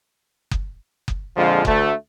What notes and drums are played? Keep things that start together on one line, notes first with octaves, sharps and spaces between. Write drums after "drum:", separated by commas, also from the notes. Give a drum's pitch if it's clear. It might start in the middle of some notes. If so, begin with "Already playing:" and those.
drum: kick F#1
drum: kick F#1
A#1 F2 D3 F3 G#3 F4
D2 A3, drum: kick F#1